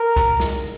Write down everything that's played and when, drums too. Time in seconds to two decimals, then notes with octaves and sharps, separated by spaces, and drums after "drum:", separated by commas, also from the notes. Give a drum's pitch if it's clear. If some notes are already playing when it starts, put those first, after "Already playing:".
Already playing: A#4
0.16 drum: kick C2, hi-hat
0.40 drum: snare